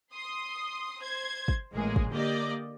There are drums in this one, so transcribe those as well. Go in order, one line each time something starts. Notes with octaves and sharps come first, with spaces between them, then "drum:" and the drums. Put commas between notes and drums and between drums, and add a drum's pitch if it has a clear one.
C6 D#6
C5 G#6
drum: kick
A1 G#3 A#3 G#4
drum: kick
D3 A#3 G4 D5 D#5 A#6